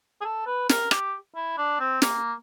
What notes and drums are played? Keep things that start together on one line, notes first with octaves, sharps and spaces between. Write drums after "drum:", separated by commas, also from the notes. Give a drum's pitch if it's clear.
G#4
A4
B4
A#4, drum: snare
G4, drum: rim click
E4
D4
C4
A#3, drum: snare